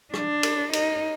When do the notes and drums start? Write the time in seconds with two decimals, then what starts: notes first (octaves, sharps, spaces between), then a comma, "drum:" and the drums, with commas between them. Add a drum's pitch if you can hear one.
0.14 D4, drum: rim click
0.43 drum: cymbal
0.73 D#4, drum: cymbal